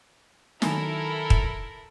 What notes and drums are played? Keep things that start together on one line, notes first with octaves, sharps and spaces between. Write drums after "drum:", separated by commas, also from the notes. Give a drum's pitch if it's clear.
D#3 F#3 E4 A4 A#4 G#5, drum: snare
drum: kick